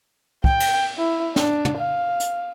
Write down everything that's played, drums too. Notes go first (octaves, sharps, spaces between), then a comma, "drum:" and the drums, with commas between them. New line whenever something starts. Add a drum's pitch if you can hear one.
G5, drum: kick
drum: cymbal
E4
D4, drum: snare
drum: tom
F5
drum: hi-hat